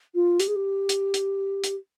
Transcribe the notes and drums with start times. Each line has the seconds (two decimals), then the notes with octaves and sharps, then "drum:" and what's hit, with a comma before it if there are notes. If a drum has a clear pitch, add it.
0.15 F4
0.40 G4, drum: hi-hat
0.48 G#4
0.56 G4
0.89 drum: hi-hat
1.14 drum: hi-hat
1.64 drum: hi-hat